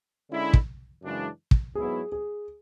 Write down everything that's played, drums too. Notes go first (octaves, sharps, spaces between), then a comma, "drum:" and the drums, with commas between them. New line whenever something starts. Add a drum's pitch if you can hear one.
D3 G#3 C#4 E4
drum: kick
F#2 C#3 E3 G#3 D4
drum: kick
G#2 F#3 B3 E4 G#4
G#4